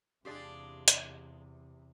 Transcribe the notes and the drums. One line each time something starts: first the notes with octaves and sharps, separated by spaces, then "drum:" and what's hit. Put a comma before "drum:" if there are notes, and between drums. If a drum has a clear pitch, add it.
E2 C3 G#3 D4 F4 G4 G#4 D5
drum: hi-hat